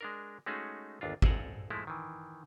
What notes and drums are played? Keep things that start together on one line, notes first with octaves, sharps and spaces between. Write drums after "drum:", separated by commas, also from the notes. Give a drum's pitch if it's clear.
G#3 D4 A#4
G#3 A3 C#4 D#4 F#4 G#4
G1 D#2 D4 F4
A4 C5 D5 F#5 G#5 A#5, drum: kick G#1
F3 G#3 A3 E4
D#3 E3